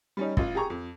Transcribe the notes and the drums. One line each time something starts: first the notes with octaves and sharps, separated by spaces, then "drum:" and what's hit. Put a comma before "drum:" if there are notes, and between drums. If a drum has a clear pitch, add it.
G3 C#4 D#4
A1 F4, drum: kick
G4 G#4 A#5 C#6
F2